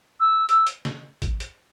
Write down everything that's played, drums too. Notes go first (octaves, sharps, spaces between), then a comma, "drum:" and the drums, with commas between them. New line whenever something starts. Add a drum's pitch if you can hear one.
E6
E6, drum: hi-hat
drum: hi-hat
drum: snare
drum: kick A1, hi-hat
drum: hi-hat